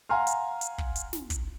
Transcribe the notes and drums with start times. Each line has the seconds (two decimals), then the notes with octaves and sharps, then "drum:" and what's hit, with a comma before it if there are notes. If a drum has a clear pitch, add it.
0.09 F5 F#5 G#5 A#5 C6 F6
0.27 drum: hi-hat
0.61 drum: hi-hat
0.78 drum: kick
0.96 drum: hi-hat
1.13 drum: snare
1.30 drum: kick, hi-hat